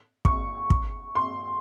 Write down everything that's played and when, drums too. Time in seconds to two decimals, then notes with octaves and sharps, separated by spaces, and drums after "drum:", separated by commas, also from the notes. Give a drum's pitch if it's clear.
0.25 C#6, drum: kick
0.70 drum: kick
1.15 C6